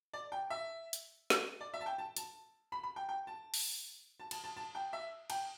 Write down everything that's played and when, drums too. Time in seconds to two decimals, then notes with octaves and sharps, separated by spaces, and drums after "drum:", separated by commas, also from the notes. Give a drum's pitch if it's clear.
0.13 D5
0.32 G5
0.50 E5
0.93 drum: hi-hat
1.30 drum: snare
1.61 D5
1.74 E5
1.81 A5
1.86 G5
1.98 A5
2.17 A5, drum: hi-hat
2.72 B5
2.83 B5
2.96 G5
3.09 G5
3.27 A5
3.54 drum: open hi-hat
4.20 A5
4.31 A5, drum: cymbal
4.44 A5
4.57 A5
4.75 G5
4.93 E5
5.30 G5, drum: cymbal